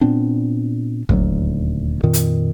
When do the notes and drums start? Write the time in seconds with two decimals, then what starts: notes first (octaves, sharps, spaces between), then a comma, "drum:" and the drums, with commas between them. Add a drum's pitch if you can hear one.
0.01 A#2 B3 C4 D4
1.09 D#1 D2 F#3, drum: kick
2.03 F2 A#2 D#3
2.13 drum: hi-hat